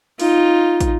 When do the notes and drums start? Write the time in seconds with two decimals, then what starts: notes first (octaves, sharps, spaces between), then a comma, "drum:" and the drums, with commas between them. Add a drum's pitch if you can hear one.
0.20 D#4 F4, drum: open hi-hat
0.80 drum: kick, hi-hat